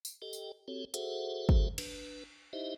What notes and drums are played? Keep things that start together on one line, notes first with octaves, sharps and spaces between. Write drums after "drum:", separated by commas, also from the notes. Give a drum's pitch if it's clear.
drum: tambourine
G4 A4 D#5 G5
drum: tambourine
C4 F#4 G4 A4 C#5
F#4 G#4 A4 C5 E5 F#5, drum: hi-hat
drum: kick
D4 B4, drum: cymbal
D#4 E4 G4 C5 D#5 E5